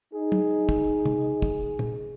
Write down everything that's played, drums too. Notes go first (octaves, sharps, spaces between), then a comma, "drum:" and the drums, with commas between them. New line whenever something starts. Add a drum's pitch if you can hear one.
D#4 G#4
drum: tom
drum: kick
drum: tom C3
drum: kick
drum: tom